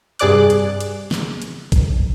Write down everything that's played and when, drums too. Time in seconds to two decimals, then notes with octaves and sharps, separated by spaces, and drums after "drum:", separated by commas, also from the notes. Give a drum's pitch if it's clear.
0.19 G2 C3 G#4 D5 D6 F#6, drum: hi-hat
0.50 drum: hi-hat
0.80 drum: hi-hat
1.11 drum: snare
1.42 drum: hi-hat
1.72 drum: kick, hi-hat